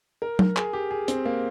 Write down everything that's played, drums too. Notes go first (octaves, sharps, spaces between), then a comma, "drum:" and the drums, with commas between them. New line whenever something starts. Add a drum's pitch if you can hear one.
A#4
A#4, drum: tom F#3
G#4, drum: clap
G4
G#4
C4, drum: hi-hat
A#3